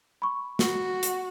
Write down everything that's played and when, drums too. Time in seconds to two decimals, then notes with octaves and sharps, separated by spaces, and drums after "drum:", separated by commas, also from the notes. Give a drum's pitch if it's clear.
0.22 B5 C#6
0.59 F#4, drum: snare
1.03 drum: hi-hat